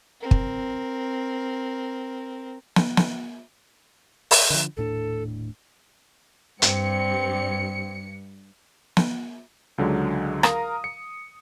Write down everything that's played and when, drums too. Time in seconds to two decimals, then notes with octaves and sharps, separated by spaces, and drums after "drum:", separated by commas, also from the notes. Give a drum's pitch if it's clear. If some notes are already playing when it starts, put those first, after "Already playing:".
0.21 C4 A#4
0.31 drum: kick
2.76 drum: snare
2.97 drum: snare
4.31 drum: open hi-hat
4.50 D3 F3
4.77 D#1 A2 D4 A4
6.62 G2 C4 C#7, drum: hi-hat
8.97 drum: snare
9.78 C#2 D3 F#3 G#3
10.43 A#4 F5 A#5 D#6, drum: rim click
10.84 C#7